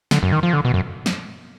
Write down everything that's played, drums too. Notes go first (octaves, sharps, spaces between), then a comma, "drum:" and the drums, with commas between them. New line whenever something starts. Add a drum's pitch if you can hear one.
D3, drum: snare
F#2
D#3
F3
D3
B2
F#2
drum: snare